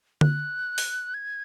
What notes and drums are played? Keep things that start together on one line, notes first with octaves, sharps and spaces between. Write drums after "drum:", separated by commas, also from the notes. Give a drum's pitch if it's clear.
F#6, drum: tom D3
drum: open hi-hat
G#6